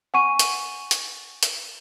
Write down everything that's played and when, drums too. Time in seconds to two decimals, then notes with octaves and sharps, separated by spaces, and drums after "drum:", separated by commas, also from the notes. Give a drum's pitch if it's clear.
0.14 F#5 G#5 C#6 D#7
0.39 drum: hi-hat
0.91 drum: hi-hat
1.43 drum: hi-hat